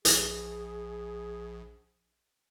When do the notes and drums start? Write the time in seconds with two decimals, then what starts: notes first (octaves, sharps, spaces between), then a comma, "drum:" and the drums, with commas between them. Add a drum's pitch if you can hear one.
0.05 A#1 G#4, drum: hi-hat